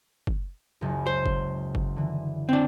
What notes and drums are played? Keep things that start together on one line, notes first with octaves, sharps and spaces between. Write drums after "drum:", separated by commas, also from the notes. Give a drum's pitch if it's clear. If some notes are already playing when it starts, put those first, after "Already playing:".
drum: kick
F#1 C#2
C5
drum: kick
drum: kick
D3 E3
C4 D4